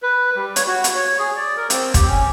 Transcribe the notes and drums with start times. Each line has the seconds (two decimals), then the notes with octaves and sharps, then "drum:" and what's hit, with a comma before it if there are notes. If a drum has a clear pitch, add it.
0.03 B4
0.36 G3
0.56 C#5, drum: hi-hat
0.68 F#4
0.84 drum: hi-hat
0.95 C#5
1.19 G#4
1.36 D5
1.57 A#4
1.70 C4, drum: hi-hat
1.94 G4, drum: kick, hi-hat
2.08 C#4